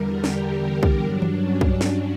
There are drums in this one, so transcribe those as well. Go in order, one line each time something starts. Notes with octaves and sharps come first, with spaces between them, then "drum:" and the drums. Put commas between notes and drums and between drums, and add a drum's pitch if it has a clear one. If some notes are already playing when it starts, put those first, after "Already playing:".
Already playing: E2 D3 G3 A#4
G4, drum: snare
drum: kick
G2 F#3 D4
drum: tom D#3
C#4
drum: kick
drum: snare